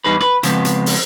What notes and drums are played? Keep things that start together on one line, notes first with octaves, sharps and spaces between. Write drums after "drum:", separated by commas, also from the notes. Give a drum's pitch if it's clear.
E2 G3 D#4 G#4 B4
B4, drum: rim click
C#3 F3 G#3 B3 C4, drum: hi-hat
drum: hi-hat
drum: open hi-hat